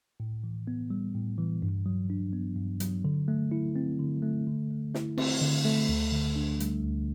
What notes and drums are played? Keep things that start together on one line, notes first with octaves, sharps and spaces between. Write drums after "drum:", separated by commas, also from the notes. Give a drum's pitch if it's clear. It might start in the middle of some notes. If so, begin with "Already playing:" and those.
A2
E3
B3
G3
A2
E3
G2
F#3
D4
B3
G2
F#3, drum: hi-hat
D3
A3
E4
C4
D3
A3
D3
A3
E4, drum: snare
C4, drum: cymbal
D3
A3
D2
D3
D4
G3, drum: hi-hat
D2